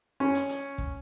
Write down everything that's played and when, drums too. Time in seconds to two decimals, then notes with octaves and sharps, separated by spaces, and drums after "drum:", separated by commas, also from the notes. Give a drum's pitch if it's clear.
0.20 C#4
0.35 drum: hi-hat
0.49 drum: hi-hat
0.78 drum: kick